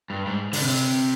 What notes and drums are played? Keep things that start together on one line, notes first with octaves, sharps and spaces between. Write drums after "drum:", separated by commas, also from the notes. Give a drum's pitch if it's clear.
G2
G#2
D3, drum: open hi-hat
C3